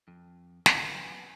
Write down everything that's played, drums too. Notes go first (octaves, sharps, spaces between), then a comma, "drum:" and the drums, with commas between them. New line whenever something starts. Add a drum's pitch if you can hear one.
F2
F#2 D3 B3, drum: snare
G#5